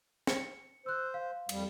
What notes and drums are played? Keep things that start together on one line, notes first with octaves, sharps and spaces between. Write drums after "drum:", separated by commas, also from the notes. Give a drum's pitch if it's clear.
C#7, drum: snare
C5 E6 F#6
F5
F2 G3, drum: cymbal